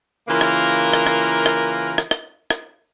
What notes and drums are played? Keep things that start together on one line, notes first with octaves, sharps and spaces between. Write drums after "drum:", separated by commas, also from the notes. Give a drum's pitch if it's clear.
C#3 E3 A#3 F4 A#4
drum: rim click
drum: rim click
drum: rim click
drum: rim click
drum: rim click
drum: rim click
drum: rim click